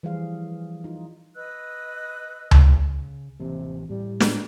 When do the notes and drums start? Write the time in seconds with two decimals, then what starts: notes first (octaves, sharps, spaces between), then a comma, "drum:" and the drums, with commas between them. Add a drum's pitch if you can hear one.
0.03 E3 F3 G3 G#4 F5
0.84 D#4 F4
1.35 B4 D#5 E6 F#6
2.51 drum: tom C#2
2.78 C#3
3.40 A1 C3 E3 A#3
3.90 A2 G3
4.20 drum: snare